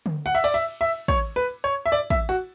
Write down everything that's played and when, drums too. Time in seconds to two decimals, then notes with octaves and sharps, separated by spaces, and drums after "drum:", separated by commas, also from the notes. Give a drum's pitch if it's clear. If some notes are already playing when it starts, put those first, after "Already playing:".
0.06 drum: tom D3
0.26 F#5
0.35 E5
0.44 D5, drum: cymbal
0.54 E5
0.81 E5
1.08 C#5, drum: kick
1.36 B4
1.64 C#5
1.86 E5
1.92 D5
2.10 E5, drum: kick
2.29 F#4